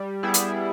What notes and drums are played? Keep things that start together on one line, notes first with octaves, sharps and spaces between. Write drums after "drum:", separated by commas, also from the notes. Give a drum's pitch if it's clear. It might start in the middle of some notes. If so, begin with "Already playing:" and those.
Already playing: G3
G3 B3 E4 G#4
drum: hi-hat